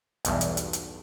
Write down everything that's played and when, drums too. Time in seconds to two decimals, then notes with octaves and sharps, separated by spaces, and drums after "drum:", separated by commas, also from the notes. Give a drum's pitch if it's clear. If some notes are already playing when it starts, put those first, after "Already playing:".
0.25 B1 E2 G2, drum: hi-hat
0.41 drum: hi-hat
0.57 drum: hi-hat
0.73 drum: hi-hat